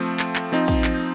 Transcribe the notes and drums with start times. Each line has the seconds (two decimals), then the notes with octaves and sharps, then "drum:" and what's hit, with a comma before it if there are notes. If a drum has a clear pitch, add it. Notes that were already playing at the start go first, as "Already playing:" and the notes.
Already playing: F3 A3 C4
0.19 drum: clap
0.36 drum: clap
0.52 F3 C4 D#4
0.68 drum: kick, hi-hat
0.84 drum: clap